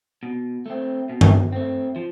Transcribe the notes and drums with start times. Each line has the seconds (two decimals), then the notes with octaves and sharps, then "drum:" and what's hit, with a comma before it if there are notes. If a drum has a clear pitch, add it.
0.23 B2
0.66 A3 C4
1.09 B2
1.21 drum: tom G2
1.53 A3 C4
1.96 F3